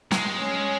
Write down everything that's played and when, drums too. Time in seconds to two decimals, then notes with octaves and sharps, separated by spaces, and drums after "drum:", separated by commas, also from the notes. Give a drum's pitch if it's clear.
0.11 G#3, drum: snare
0.38 C#4